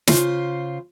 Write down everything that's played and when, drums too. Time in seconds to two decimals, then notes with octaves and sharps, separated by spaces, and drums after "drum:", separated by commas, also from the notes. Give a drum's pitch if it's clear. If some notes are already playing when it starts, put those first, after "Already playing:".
0.08 C#3 F4 C5, drum: snare